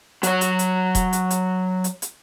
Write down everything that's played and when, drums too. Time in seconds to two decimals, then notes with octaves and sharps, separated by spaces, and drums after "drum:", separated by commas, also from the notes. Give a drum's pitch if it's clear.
0.23 F#3 C#5, drum: hi-hat
0.41 drum: hi-hat
0.59 drum: hi-hat
0.95 drum: kick E1, hi-hat
1.13 drum: hi-hat
1.30 drum: hi-hat
1.84 drum: hi-hat
2.02 drum: hi-hat